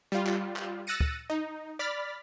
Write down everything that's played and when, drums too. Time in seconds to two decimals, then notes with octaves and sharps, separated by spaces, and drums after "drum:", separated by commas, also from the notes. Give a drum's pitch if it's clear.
0.12 G3 F4
0.27 drum: clap
0.56 drum: clap
0.87 E6 F#6 A6 A#6 C#7 D#7
1.00 drum: kick
1.30 D#4
1.79 D5 B5 F6 A6 B6